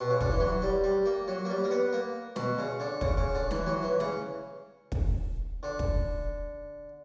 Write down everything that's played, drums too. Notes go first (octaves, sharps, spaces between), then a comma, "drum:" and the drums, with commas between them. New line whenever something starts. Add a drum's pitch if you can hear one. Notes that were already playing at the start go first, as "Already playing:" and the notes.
B2
C#3
D3, drum: kick
E3
F#3
G3
G3
A#3
F#3
A#3
G3
A#3
B3
A#3
B2, drum: snare
C#3
D3
C#3, drum: kick
C#3
D3
E3, drum: snare
F#3
E3
C#3, drum: snare
drum: kick
D3
drum: kick